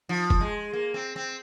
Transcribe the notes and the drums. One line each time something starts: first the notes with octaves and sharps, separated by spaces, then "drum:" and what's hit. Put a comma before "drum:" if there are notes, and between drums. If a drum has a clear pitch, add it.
F3
drum: kick
G#3
A#3
C4
C4